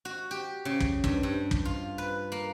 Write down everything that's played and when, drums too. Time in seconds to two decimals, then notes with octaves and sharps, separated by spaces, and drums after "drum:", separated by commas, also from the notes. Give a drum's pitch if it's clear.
0.05 F#4
0.31 G4
0.65 C#3
0.80 drum: kick
1.04 G2, drum: kick
1.23 G2
1.51 drum: kick
1.65 F4
1.98 B4
2.32 A#3